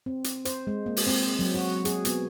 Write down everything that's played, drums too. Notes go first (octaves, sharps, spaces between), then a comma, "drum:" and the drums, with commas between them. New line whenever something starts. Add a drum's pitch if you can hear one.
C4
drum: hi-hat
C5, drum: hi-hat
G#3
A#3
drum: open hi-hat
C4
F#3
F#4
G#4, drum: hi-hat
B3, drum: hi-hat